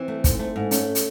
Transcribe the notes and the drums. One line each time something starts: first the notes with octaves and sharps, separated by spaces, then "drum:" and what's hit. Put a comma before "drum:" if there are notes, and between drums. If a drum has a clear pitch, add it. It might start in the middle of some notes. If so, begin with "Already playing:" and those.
Already playing: E3 C4
A3
G#2, drum: kick, hi-hat
A3
G#2
A3 C#4, drum: hi-hat
drum: hi-hat